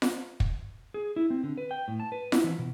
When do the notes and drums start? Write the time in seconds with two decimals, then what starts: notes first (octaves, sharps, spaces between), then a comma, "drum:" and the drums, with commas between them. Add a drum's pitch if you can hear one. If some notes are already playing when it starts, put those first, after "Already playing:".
0.02 drum: snare F4
0.40 drum: kick
0.94 G#4
1.16 E4
1.30 C4
1.43 D3
1.58 B4
1.71 G5
1.88 A2
2.00 A5
2.12 B4
2.32 E4, drum: snare F4
2.44 E3
2.59 B2